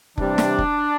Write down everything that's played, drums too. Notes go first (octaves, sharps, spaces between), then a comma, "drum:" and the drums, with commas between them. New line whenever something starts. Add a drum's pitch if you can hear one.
C3 E3 G3 D4, drum: kick F1
drum: snare
drum: kick F1